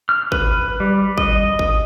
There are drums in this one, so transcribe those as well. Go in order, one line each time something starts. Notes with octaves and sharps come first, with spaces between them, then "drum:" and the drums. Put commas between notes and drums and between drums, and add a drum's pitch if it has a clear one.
F6
B4, drum: kick G#1
G3
D#5, drum: kick G#1
drum: kick G#1